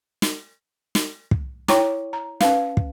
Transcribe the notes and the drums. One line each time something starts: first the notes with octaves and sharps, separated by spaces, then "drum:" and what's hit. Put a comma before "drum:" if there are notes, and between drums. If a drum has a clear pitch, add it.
drum: snare
drum: snare
drum: kick
E4 C#5 G5 A#5 C#6 D6, drum: snare
A#5
C#4 B4 F5, drum: snare
drum: kick